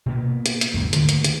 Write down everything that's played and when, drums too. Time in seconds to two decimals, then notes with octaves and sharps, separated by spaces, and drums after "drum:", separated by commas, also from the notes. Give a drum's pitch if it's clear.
0.06 B2 A#3 B3
0.46 drum: hi-hat
0.61 drum: hi-hat
0.74 D#2 G#2 C#3 F#3
0.93 D3 D#3 A3 A#3, drum: hi-hat
1.09 drum: hi-hat
1.24 drum: hi-hat